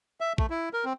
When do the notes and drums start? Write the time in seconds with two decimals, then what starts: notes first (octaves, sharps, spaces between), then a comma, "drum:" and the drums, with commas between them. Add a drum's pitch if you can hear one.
0.21 E5
0.38 A3, drum: kick
0.50 E4
0.73 A#4
0.85 C4